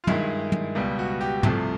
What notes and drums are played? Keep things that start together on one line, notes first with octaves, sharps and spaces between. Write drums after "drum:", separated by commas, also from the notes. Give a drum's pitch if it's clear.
F4
G2 D#3 G#3 E4, drum: tom
drum: tom
C#2 B2 G3
F#4
G4
C2 C3 F3 A3, drum: tom